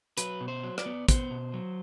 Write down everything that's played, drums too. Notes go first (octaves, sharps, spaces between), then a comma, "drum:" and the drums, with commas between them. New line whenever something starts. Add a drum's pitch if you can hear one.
F#3 B4, drum: hi-hat
B2
C5
F#3
D5, drum: rim click
B3
B3 C5, drum: kick, hi-hat
B2
F#3